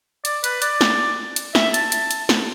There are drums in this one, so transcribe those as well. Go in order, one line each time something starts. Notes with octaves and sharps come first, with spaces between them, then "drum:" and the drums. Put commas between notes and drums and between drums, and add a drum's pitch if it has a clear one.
D5, drum: hi-hat
B4, drum: hi-hat
D5, drum: hi-hat
drum: snare
drum: hi-hat
E5, drum: snare
A5, drum: hi-hat
drum: hi-hat
drum: hi-hat
drum: snare